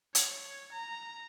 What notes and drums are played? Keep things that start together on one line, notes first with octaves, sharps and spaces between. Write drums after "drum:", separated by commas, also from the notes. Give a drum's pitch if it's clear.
C#5, drum: hi-hat
A#5